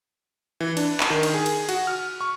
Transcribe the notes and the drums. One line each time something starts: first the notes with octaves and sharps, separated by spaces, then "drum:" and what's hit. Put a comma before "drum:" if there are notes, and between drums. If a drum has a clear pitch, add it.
E3
D4, drum: cymbal
drum: clap
D#3
drum: cymbal
G#4
drum: cymbal
F#4, drum: cymbal
F6
C#6